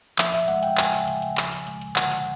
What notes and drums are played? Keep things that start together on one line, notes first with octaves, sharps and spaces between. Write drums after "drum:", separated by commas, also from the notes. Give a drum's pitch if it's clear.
F3 E5, drum: clap
E5, drum: open hi-hat
G#3 F#5, drum: hi-hat
G5, drum: hi-hat
C#3 G#5, drum: clap
drum: open hi-hat
C#3, drum: hi-hat
drum: hi-hat
F3, drum: clap
drum: open hi-hat
G#3, drum: hi-hat
drum: hi-hat
D3 F#5, drum: clap
drum: open hi-hat